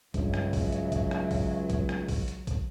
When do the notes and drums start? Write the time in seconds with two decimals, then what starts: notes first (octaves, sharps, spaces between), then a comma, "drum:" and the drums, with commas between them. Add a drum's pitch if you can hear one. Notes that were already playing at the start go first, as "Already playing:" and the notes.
0.14 C#2 G2 F#3 E5, drum: kick A#1, hi-hat
0.34 drum: rim click
0.53 drum: kick A#1, open hi-hat
0.72 drum: hi-hat
0.92 drum: kick A#1, hi-hat
1.11 drum: rim click
1.31 drum: kick A#1, open hi-hat
1.70 drum: kick A#1, hi-hat
1.89 drum: rim click
2.08 drum: kick A#1, open hi-hat
2.28 drum: hi-hat
2.47 drum: kick A#1, hi-hat